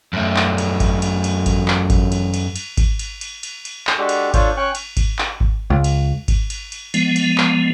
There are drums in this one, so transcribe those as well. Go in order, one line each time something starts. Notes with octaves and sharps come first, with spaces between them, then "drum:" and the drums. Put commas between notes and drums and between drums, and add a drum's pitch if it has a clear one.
F#2 A3
drum: clap
drum: cymbal
drum: kick G#1, cymbal
drum: cymbal
drum: cymbal
drum: kick G#1, cymbal
drum: clap
drum: kick G#1, cymbal
drum: cymbal
drum: cymbal
drum: cymbal
drum: kick G#1, cymbal
drum: cymbal
drum: cymbal
drum: cymbal
drum: cymbal
drum: clap
G#3 D4 F#4 G4 A4
drum: cymbal
D4 F4 A4 C5 C#5, drum: kick G#1, cymbal
C#4 C#5 G5 C#6 F#6
drum: cymbal
drum: kick G#1, cymbal
drum: clap
drum: kick G#1
C#2
drum: cymbal
drum: kick G#1, cymbal
drum: cymbal
drum: cymbal
F3 G#3 B3, drum: cymbal
drum: cymbal
drum: clap